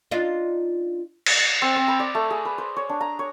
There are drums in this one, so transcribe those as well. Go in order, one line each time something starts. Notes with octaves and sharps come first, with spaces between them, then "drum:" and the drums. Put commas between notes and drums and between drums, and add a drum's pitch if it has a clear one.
D4 D#4 F4
drum: cymbal
C4
C4
B5
D5
A3
G#4
B4
C5
C#5
D4
A#5
C#5